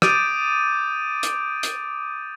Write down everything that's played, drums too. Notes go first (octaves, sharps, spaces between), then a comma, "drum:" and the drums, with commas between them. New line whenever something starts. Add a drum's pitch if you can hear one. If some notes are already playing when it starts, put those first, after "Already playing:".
D6 D#6 G6 A6 D7 D#7, drum: rim click
drum: hi-hat
drum: hi-hat